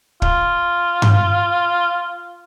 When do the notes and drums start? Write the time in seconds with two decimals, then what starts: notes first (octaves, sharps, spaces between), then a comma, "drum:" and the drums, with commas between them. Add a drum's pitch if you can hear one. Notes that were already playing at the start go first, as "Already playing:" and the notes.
0.22 F4, drum: kick
1.02 drum: tom G2